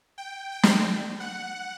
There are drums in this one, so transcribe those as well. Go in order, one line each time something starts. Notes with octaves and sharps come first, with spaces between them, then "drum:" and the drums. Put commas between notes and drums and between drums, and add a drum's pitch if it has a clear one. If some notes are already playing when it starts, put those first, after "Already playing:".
G5
G5
drum: snare
F#5